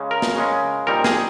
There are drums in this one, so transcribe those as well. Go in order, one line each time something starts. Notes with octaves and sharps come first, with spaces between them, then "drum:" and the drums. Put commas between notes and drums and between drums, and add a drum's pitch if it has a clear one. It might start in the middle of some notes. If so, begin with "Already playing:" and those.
Already playing: C#3 G#3 C#4
A#4
drum: snare
C#3 G#3 C#4
A#2 G3 C4 D#4 A#4
G#4, drum: snare